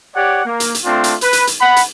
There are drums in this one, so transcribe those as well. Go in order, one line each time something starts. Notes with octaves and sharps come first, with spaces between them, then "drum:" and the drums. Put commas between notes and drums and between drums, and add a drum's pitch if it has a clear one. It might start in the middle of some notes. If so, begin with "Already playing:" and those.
G4 C#5 D5 F#5
A#3
drum: hi-hat
drum: hi-hat
A3 C4 D4 F4
drum: hi-hat
B4, drum: hi-hat
drum: hi-hat
drum: hi-hat
F#5 B5
drum: hi-hat